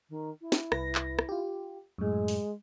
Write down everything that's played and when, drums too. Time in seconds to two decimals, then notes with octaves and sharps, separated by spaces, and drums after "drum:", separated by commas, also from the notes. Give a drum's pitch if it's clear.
0.09 D#3
0.41 E4
0.52 drum: snare
0.72 C2 B4 A#6, drum: rim click
0.95 drum: clap
1.19 drum: rim click
1.29 F4 G4
1.98 F#2 A2 G#3
2.28 drum: open hi-hat